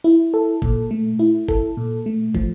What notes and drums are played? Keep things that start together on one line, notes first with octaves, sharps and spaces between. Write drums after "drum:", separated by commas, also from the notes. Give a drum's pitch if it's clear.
E4
A4
A#2, drum: kick
A3
E4
A4, drum: kick
A#2
A3
F3, drum: kick